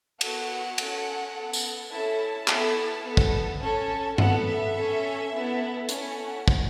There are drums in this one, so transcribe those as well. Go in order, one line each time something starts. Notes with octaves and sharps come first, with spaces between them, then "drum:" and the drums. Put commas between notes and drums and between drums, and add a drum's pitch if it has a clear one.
B3 F#4 A4 F#5, drum: cymbal
C#4 A4, drum: cymbal
B3 A4
drum: tambourine
C#4 E4 A4 A5
B3 E4 A4, drum: clap
B3 A4
drum: kick
C#4 A4 A5
B3 A4 F#5, drum: tom G2
E5
C#4 A4
B3 E4 A4
C#4 E4 A4 C#5, drum: hi-hat
F#5
drum: kick